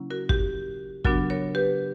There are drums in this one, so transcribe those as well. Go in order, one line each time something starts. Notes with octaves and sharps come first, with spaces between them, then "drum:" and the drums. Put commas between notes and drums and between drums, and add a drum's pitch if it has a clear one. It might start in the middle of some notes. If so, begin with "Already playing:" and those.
Already playing: C#3 F#3 A#3 C#4 E4
F#4 A#4
G4, drum: kick
C#3 F#3 B3 D4 F#4 A#4, drum: kick
A#4 C#5
G4 B4